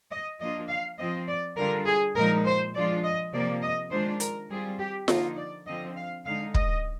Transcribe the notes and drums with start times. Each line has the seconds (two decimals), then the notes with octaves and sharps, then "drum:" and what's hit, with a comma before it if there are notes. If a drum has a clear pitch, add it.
0.11 D#5
0.40 F3 A#3 D4 F4 D#5
0.69 F5
0.98 F3 C4 F4 D#5
1.27 D5
1.57 D3 G3 D4 F4 A#4
1.86 G#4
2.15 A#2 F3 G#3 D#4 A#4
2.45 C5
2.75 F3 G#3 D4 F4 D5
3.04 D#5
3.33 C3 F3 A#3 D5
3.62 D#5
3.91 D#3 G#3 D4 F4 C5
4.20 A#4, drum: hi-hat
4.49 G3 C4 F4 G#4
4.79 G4
5.08 D3 F3 A#3 D#4 F4, drum: snare F4
5.37 D5
5.66 D3 F3 C4 F4 D#5
5.96 F5
6.25 D3 G#3 D#4 F5
6.54 D#5, drum: kick